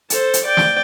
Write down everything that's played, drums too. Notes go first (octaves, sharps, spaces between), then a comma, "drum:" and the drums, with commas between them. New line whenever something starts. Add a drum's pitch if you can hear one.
A4 C5, drum: hi-hat
drum: hi-hat
D5 G5
drum: snare